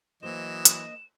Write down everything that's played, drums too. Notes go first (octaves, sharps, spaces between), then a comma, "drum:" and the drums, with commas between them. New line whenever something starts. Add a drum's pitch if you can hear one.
E3 F#3 A#3 D4 C5 D#5 E7
drum: hi-hat